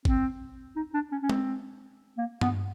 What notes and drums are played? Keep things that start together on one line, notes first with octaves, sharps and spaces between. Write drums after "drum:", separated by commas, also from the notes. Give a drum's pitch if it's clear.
C4, drum: kick G#1
D#4
D4
C#4
C#4
C4, drum: tom G#3
A#3
B3, drum: tom G2